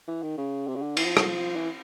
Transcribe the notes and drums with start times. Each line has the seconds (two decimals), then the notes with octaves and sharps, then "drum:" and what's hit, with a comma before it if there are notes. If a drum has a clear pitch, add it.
0.08 E3
0.22 D#3
0.37 C#3
0.67 C3
0.76 C#3
0.82 D3
0.97 E3, drum: cymbal
1.06 F3
1.17 F#3, drum: rim click
1.27 F3
1.56 E3